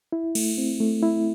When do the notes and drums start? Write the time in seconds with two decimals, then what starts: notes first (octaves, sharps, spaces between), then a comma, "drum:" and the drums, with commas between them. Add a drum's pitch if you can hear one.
0.12 E4
0.35 A3, drum: cymbal
0.58 C4
0.80 A3
1.03 E4